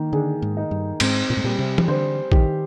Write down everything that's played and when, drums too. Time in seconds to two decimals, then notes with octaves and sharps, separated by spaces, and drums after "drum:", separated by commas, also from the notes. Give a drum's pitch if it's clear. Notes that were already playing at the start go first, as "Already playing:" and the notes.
Already playing: D#3 A#3
0.13 D3 G#4
0.42 G#2
0.57 D#4
0.71 G2
1.00 G#2 C4, drum: cymbal
1.30 A#2
1.37 G#2
1.44 A#2 G3
1.59 C3
1.78 drum: tom E3
1.88 D3 C5
2.32 D#3 G4, drum: kick